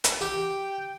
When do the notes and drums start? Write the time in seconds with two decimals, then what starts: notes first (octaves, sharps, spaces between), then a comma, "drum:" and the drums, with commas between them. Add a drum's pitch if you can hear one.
0.04 drum: hi-hat
0.21 G4 G5